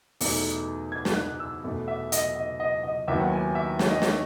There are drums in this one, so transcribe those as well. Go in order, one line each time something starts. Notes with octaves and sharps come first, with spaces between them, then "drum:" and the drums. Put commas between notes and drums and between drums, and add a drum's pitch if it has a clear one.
E2 B2 A3 D#4, drum: open hi-hat
G#6
drum: snare
F#6
E6
E2 B2 A3
E5
D#5, drum: hi-hat
D#5
D#5
D#5
D#2 D#3 F#3 B3 E4 E5
F#5
G#5
E5
C#5, drum: snare
D#5
C#5, drum: snare